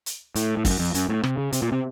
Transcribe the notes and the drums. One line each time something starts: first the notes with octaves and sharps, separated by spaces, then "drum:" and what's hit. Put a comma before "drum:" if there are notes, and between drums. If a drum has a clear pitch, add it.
drum: hi-hat
A2, drum: hi-hat
A2
F#2, drum: kick, open hi-hat
F2
F#2, drum: hi-hat
A2
C3, drum: rim click
C#3
C3, drum: hi-hat
A#2
C3